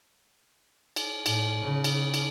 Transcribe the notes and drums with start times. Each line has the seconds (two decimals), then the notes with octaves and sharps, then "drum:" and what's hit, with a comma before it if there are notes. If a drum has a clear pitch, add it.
0.96 drum: cymbal
1.26 A2, drum: cymbal
1.63 C#3
1.84 drum: cymbal
2.14 drum: cymbal